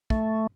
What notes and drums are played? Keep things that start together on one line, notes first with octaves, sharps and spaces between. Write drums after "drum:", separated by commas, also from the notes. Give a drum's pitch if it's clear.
A3, drum: kick